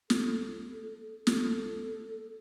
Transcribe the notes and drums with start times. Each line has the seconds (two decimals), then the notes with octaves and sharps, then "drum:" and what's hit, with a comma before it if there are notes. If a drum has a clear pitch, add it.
0.10 A4, drum: snare
1.27 A4, drum: snare